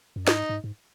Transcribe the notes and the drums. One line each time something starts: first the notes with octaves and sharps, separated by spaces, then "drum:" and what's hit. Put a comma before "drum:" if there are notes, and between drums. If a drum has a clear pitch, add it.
F#2
G#2 D#4, drum: snare
G#2
G#2